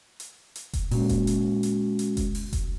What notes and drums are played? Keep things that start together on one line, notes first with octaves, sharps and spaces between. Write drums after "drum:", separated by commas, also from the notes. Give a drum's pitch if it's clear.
drum: hi-hat
drum: hi-hat
drum: kick F1, hi-hat
A#2 G#3 C#4 F#4, drum: open hi-hat
drum: kick F1, hi-hat
drum: hi-hat
drum: hi-hat
drum: hi-hat
drum: kick F1, hi-hat
drum: open hi-hat
drum: kick F1, hi-hat